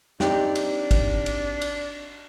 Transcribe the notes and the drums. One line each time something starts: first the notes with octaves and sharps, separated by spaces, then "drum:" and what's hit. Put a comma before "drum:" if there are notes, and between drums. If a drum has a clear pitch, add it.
C4 D4 D#4 G4, drum: snare
drum: cymbal
drum: kick, cymbal
drum: cymbal
drum: cymbal